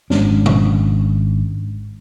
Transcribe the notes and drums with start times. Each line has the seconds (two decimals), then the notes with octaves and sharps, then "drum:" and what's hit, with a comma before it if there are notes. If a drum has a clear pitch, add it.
0.10 G#1 G#3 C#4 D4, drum: snare
0.46 drum: tom A#2